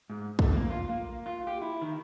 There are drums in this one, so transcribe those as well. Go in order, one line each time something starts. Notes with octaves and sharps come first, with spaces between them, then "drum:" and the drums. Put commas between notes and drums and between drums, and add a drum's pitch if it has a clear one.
G#2
A3, drum: kick
A#3
F4
A#3
F4
G4
E4
D#3